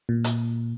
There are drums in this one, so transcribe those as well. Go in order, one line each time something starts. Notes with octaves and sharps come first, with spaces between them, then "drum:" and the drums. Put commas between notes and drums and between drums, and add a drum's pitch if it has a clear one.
A#2
drum: hi-hat